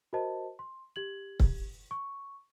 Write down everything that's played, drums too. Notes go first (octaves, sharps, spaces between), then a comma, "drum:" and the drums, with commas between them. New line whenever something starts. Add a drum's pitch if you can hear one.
F#4 A#4 C5 D#5 A5
C6
G4 G#6 F#7
drum: kick C#1
C#6